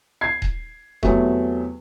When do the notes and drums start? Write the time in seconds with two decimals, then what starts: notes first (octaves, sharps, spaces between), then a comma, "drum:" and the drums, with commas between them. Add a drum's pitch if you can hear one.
0.21 G#6 C7
0.42 drum: kick D#1
1.03 E2 C3 F#3 A3, drum: kick D#1